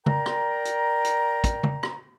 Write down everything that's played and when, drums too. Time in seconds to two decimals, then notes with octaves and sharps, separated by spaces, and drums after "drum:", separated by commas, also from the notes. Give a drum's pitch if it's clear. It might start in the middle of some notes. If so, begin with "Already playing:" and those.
0.06 A#4 D5 G5 A#5, drum: tom C#3
0.26 drum: rim click
0.65 drum: hi-hat
1.04 drum: hi-hat
1.44 drum: kick, hi-hat
1.63 drum: tom C#3
1.83 drum: rim click